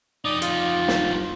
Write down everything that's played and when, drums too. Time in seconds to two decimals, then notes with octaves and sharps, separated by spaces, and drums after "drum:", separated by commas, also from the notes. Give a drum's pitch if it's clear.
0.25 F2 D#4 D5 D#6
0.42 F4, drum: hi-hat
0.88 drum: snare